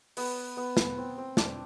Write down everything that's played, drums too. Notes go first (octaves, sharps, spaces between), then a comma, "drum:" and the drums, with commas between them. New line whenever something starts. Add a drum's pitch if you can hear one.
B3, drum: open hi-hat
B3
drum: snare
C4
C4
D4, drum: snare